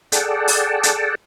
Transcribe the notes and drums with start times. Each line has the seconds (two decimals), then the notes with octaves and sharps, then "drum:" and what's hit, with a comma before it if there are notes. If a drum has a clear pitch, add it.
0.12 G#4 A4 D5 F#5 G5 A5, drum: hi-hat
0.48 drum: open hi-hat
0.83 drum: hi-hat